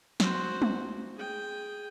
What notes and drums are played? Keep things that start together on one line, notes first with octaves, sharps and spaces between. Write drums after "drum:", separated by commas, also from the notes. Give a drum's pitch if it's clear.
F#4 C5, drum: snare
drum: tom
G#4 G5